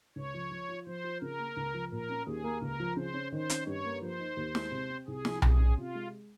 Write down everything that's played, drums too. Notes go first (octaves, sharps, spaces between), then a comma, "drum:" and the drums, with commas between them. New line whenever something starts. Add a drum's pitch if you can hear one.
C#2 C#5
F3
F3
F4
F3 C5
F4
C#3 A#4
A#3
C#2
F3
A#2 A#4
C#4
D#2 G#4
A#3
C#2 A#4
F3
C#3 C5
C#4
D#3 C5
C#4, drum: hi-hat
G2 C#5
A#3
F3 C5
D#4
D#2
G#3, drum: snare
C3
C4
C2 G#4
F3, drum: snare
C3 G#4, drum: tom B1
C#4
C3 F4
G#3